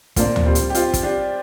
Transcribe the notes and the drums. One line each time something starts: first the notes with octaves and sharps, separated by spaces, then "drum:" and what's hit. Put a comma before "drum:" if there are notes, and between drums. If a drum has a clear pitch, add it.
A#2 A#3 C4 D4 F4, drum: kick, hi-hat
drum: tom D2
G3 C4
drum: hi-hat
G4
C4 F4, drum: hi-hat
drum: kick, hi-hat
D4 G4